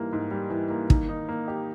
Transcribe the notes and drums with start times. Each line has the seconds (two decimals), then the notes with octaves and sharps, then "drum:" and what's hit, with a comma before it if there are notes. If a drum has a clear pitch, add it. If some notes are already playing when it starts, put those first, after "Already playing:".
Already playing: G#2 E3 G3 A#3
0.13 G#2
0.31 G3
0.50 E3
0.70 A#3
0.90 D#3, drum: kick
1.09 D#4
1.29 A#3
1.48 G4